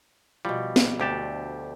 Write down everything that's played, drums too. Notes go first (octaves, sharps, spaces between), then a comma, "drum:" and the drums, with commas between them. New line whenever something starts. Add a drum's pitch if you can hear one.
B2 F3 G3
drum: snare
D2 D4 G4 A4 A5